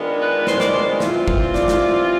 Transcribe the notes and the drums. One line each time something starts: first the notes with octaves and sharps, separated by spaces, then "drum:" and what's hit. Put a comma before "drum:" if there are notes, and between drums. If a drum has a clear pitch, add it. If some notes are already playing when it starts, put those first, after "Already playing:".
Already playing: D#3 G#3 B3 D4 F4
B4
C5, drum: snare
D5, drum: snare
C5
E3 G3 C4 F4, drum: snare
drum: kick
D5, drum: snare
drum: snare